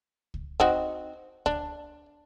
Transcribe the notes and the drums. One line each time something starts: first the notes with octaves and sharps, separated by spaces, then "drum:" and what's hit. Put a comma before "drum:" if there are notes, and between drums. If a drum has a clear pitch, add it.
drum: kick C#2
C4 D#4 F#4, drum: kick C#2
D4, drum: kick C#2